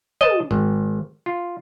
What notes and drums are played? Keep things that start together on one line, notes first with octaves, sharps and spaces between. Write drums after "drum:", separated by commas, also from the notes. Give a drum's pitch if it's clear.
D#5 A5, drum: tom
G#1, drum: kick
F4